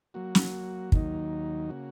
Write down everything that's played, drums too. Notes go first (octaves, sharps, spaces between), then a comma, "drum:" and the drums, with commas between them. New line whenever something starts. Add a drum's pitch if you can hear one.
F#3 A#3 F#4
drum: snare
D#2 D#3 F#3 A#3 D#4, drum: kick
C#3 A#3 F#4